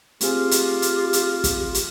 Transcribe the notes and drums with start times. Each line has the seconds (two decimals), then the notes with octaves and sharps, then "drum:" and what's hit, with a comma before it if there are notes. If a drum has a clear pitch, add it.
0.21 A3 C4 F4 G4 G#4, drum: hi-hat
0.51 drum: hi-hat
0.82 drum: hi-hat
1.13 drum: hi-hat
1.44 drum: kick, hi-hat
1.74 drum: hi-hat